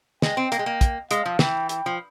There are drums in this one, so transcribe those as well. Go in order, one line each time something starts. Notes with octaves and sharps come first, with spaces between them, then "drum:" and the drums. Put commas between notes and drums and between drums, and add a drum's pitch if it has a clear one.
G#3 G5, drum: snare
C4
A#3, drum: hi-hat
G#3
A#3
drum: kick, hi-hat
G#3 F5, drum: hi-hat
F3
E3 G5, drum: snare
G5, drum: hi-hat
F3